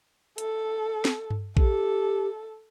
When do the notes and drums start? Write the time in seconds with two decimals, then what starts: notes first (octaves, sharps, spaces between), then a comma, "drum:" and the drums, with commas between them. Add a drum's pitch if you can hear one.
0.38 A4, drum: hi-hat
1.05 drum: snare
1.30 drum: tom G2
1.57 G4 A4, drum: kick A#1